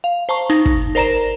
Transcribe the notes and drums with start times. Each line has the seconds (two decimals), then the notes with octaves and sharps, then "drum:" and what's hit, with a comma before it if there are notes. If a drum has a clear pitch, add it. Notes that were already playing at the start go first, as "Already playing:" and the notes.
0.04 F5
0.29 C5 A5 A#5 C#6
0.50 D#4, drum: rim click
0.66 drum: kick
0.95 A#4 C5 D5 A#5 A#6 E7